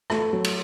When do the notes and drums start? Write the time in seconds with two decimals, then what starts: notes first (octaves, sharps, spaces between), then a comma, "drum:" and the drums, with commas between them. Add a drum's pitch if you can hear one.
0.10 A3, drum: rim click
0.33 F#3
0.44 drum: cymbal